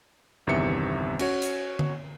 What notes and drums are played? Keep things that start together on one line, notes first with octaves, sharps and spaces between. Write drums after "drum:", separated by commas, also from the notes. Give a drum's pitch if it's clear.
G1 E2 C3 D#3 E5 C#7
C#4 F#4 C#5, drum: cymbal
drum: hi-hat
drum: tom D3